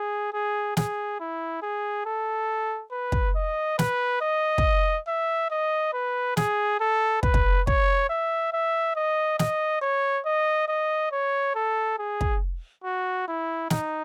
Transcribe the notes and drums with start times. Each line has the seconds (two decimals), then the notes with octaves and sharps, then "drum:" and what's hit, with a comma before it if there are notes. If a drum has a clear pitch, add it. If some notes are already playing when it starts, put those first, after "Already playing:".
Already playing: G#4
0.33 G#4
0.77 G#4, drum: snare
1.20 E4
1.62 G#4
2.06 A4
2.92 B4
3.12 drum: kick
3.36 D#5
3.79 B4, drum: snare
4.21 D#5
4.58 drum: kick
5.08 E5
5.51 D#5
5.93 B4
6.37 G#4, drum: snare
6.80 A4
7.23 B4, drum: kick
7.34 drum: kick
7.67 C#5, drum: kick
8.10 E5
8.53 E5
8.96 D#5
9.39 D#5, drum: snare
9.82 C#5
10.26 D#5
10.68 D#5
11.12 C#5
11.55 A4
11.99 G#4
12.21 drum: kick
12.84 F#4
13.28 E4
13.70 D#4, drum: snare